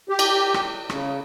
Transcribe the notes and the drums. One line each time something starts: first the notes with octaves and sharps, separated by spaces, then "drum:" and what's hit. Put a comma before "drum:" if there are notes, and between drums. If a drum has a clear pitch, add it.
G4
drum: cymbal
drum: rim click
C#3, drum: rim click